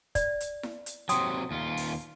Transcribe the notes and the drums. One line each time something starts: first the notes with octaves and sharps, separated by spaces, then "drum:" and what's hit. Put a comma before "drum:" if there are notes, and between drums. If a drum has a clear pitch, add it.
D5, drum: kick, hi-hat
drum: hi-hat
drum: snare E4
drum: hi-hat
C3 F#3 G5 C6 D#6, drum: hi-hat
D#2 F4
drum: open hi-hat